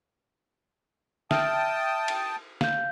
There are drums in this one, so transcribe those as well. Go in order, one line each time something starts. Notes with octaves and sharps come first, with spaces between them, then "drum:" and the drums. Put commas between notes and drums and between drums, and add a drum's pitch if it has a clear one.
E5 G5 A5 D#6 F6, drum: snare
drum: cymbal
F5 G6, drum: snare